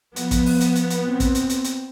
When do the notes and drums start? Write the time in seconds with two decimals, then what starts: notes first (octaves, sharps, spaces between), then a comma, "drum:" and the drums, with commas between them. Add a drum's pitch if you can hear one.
0.16 F3 B3, drum: hi-hat
0.31 drum: kick, hi-hat
0.46 drum: open hi-hat
0.61 drum: hi-hat
0.76 drum: hi-hat
0.90 drum: hi-hat
1.08 C4
1.20 drum: kick, hi-hat
1.35 drum: hi-hat
1.50 drum: hi-hat
1.65 drum: hi-hat